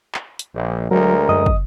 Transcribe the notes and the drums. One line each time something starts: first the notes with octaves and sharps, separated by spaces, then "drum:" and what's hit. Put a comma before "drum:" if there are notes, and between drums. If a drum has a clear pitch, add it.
drum: clap
drum: hi-hat
A#1
D2 F#3 G#3 A#4
F#2 D#5 D#6
drum: kick